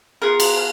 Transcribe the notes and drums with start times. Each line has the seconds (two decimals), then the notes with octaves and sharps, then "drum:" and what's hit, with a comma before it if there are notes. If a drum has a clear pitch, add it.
0.22 B3 F4 G#4 A#4
0.40 drum: cymbal